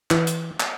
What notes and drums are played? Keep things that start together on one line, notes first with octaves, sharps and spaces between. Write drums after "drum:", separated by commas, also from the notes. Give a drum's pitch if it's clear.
E3, drum: clap
drum: hi-hat
drum: clap